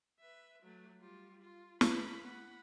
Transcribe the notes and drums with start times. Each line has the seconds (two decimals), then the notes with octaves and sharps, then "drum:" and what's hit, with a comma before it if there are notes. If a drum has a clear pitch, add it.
0.20 B4 E5
0.62 F#3 A3
0.99 G3 F4
1.41 F4
1.81 B5, drum: snare
2.23 F#5 B5